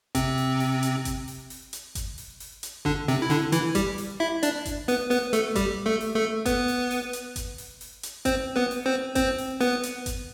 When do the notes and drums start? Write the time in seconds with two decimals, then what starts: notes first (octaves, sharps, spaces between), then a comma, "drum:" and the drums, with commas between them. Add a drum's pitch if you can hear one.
0.15 C3 C4, drum: kick G1, hi-hat
0.38 drum: open hi-hat
0.60 drum: open hi-hat
0.83 drum: hi-hat
1.05 drum: kick G1, hi-hat
1.28 drum: open hi-hat
1.50 drum: open hi-hat
1.73 drum: hi-hat
1.95 drum: kick G1, hi-hat
2.18 drum: open hi-hat
2.40 drum: open hi-hat
2.63 drum: hi-hat
2.85 D3 D4, drum: kick G1
3.08 C3 C4, drum: open hi-hat
3.22 E4
3.30 D3 D4, drum: open hi-hat
3.52 E3 E4, drum: hi-hat
3.75 G3 G4, drum: kick G1, hi-hat
3.98 drum: open hi-hat
4.20 E4 E5
4.43 D4 D5, drum: hi-hat
4.65 drum: kick G1, hi-hat
4.88 B3 B4, drum: open hi-hat
5.11 B3 B4, drum: open hi-hat
5.33 A3 A4, drum: hi-hat
5.55 G3 G4, drum: kick G1, hi-hat
5.86 A3 A4
6.01 drum: open hi-hat
6.15 A3 A4
6.46 B3 B4, drum: kick G1, hi-hat
6.68 drum: open hi-hat
6.91 drum: open hi-hat
7.13 drum: hi-hat
7.36 drum: kick G1, hi-hat
7.58 drum: open hi-hat
7.81 drum: open hi-hat
8.03 drum: hi-hat
8.25 C4 C5, drum: kick G1, hi-hat
8.56 B3 B4
8.71 drum: open hi-hat
8.86 C4 C5
9.15 C4 C5, drum: kick G1, hi-hat
9.38 drum: open hi-hat
9.61 B3 B4, drum: open hi-hat
9.83 drum: hi-hat
10.06 drum: kick G1, hi-hat